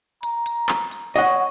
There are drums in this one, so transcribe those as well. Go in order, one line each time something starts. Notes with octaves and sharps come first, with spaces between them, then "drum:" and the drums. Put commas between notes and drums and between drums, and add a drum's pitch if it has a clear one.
A#5, drum: hi-hat
drum: hi-hat
drum: clap
drum: hi-hat
C#5 D#5 F#5, drum: hi-hat